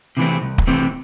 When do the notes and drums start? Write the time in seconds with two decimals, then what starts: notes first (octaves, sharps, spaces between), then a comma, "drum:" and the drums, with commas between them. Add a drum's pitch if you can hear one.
0.17 C3 E3 A3 C4
0.42 C2
0.58 drum: kick
0.67 C3 E3 A3 C4